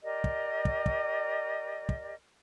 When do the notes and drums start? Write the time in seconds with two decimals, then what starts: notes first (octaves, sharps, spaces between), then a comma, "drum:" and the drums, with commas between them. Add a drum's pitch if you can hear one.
0.03 G4 A#4 D5 D#5
0.24 drum: kick
0.65 drum: kick
0.86 drum: kick
1.89 drum: kick